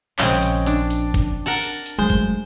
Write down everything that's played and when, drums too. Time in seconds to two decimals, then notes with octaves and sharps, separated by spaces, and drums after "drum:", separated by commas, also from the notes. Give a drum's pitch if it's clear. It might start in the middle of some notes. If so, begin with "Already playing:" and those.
0.19 A#1 C#3 G#3 C4, drum: clap
0.43 drum: hi-hat
0.66 D4, drum: hi-hat
0.90 drum: hi-hat
1.14 drum: kick F#1, hi-hat
1.46 A#4 F#5 A5
1.62 drum: open hi-hat
1.86 drum: hi-hat
1.99 F#3 G#3 A3 C5
2.10 drum: kick F#1, hi-hat